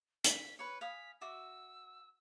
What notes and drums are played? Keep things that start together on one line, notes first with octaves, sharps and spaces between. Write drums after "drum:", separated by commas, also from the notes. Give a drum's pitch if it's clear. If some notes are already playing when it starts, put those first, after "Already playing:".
B6, drum: hi-hat
B4 C#5 C#7
F5 G#5 D#6 B6
F#4 E5 D6 E6